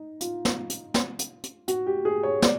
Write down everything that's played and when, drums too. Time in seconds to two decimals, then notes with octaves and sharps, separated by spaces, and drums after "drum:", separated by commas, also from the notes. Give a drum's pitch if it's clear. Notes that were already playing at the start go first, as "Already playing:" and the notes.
Already playing: D#4
0.21 F4, drum: hi-hat
0.45 drum: snare
0.70 drum: hi-hat
0.94 drum: snare
1.19 drum: hi-hat
1.44 drum: hi-hat
1.68 F#4, drum: hi-hat
1.87 G4
2.05 G#4
2.23 C#5
2.42 D5, drum: snare